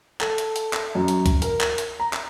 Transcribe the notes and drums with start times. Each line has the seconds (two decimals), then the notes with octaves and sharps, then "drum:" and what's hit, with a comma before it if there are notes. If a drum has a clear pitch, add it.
0.21 A4, drum: clap
0.38 drum: hi-hat
0.56 drum: hi-hat
0.73 drum: clap
0.95 F#2
1.08 drum: hi-hat
1.26 drum: kick C2, hi-hat
1.42 A#4, drum: hi-hat
1.61 drum: clap
1.78 drum: hi-hat
2.00 A#5
2.13 drum: clap